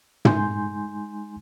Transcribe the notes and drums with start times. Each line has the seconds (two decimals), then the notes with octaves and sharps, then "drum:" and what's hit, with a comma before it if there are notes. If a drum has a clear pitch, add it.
0.25 G#3 D#4 G#5 C6 G6, drum: tom